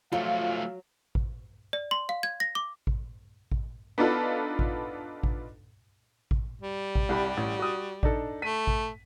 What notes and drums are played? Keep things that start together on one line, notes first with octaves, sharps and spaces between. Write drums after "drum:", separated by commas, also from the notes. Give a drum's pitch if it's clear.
F3 F#3 A3 F4 F5
drum: kick A1
D5
C6
F5
G#6
A#6
D6
drum: kick A1
drum: kick A1
B3 D4 D#4 F4 A4 B4
drum: kick A1
drum: kick A1
drum: kick A1
G3
drum: kick A1
C2 G4 B5
A1
F#4 D#6
D4 D#4 A4, drum: kick A1
A3 B6 D#7
drum: kick A1